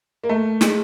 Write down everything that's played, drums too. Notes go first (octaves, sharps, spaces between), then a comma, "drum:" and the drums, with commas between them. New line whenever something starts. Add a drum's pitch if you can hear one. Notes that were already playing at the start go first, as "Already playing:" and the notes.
A#3
A3
G#3, drum: snare